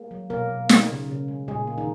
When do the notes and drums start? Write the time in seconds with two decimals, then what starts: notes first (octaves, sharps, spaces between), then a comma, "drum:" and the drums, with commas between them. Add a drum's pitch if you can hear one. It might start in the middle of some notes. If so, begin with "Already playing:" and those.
Already playing: G#3 A#3
0.11 F#3
0.30 B2 A#3 A#4
0.50 B2
0.69 G#3, drum: snare
0.89 C#3
1.08 C#3
1.28 G#3
1.48 A#2 G#3 G#4
1.67 A#3
1.78 D#3 D#4